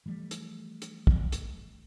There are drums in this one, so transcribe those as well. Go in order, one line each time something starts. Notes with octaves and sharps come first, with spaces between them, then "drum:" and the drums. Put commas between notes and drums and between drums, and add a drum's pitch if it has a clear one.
E3 F3 G3 A3
drum: hi-hat
drum: hi-hat
drum: kick
drum: hi-hat